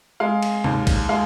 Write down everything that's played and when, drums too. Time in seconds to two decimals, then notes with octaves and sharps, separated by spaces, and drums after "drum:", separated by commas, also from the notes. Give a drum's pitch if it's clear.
0.20 G#3 F5
0.42 drum: cymbal
0.64 D#2, drum: tom C3
0.87 drum: kick A#1, cymbal
1.09 G#3 F5